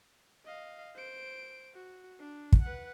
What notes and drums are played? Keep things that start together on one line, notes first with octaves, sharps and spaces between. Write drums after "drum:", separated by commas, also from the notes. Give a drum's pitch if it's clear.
D#5 F5
C5 D7
F#4
D4
drum: kick
B4 F#5